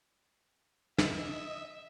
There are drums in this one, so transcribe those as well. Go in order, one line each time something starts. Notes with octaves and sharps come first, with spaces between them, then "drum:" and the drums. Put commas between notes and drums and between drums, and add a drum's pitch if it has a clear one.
D#5 E5, drum: snare